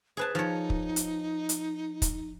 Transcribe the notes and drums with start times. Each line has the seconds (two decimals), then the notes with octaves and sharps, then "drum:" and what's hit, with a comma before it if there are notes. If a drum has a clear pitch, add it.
0.17 G#4 B4 C5 A5
0.35 F3 D#4 C#5
0.70 drum: kick
0.96 drum: hi-hat
1.49 drum: hi-hat
2.02 drum: kick, hi-hat